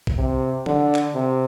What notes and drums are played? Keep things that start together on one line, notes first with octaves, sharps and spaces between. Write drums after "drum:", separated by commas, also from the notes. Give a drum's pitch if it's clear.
drum: kick
C3
D3, drum: tom
drum: clap
C3